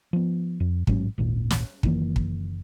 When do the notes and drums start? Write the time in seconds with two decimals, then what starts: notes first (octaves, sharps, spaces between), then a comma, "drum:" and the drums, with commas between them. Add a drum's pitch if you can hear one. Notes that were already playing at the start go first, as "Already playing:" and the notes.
0.13 F3 B3
0.60 F2
0.87 A1 G#2 F#3 C#4, drum: kick
1.18 G#1 D#2 A#2
1.50 drum: snare
1.83 F#1 D#3 E3 A#3, drum: kick
2.16 drum: kick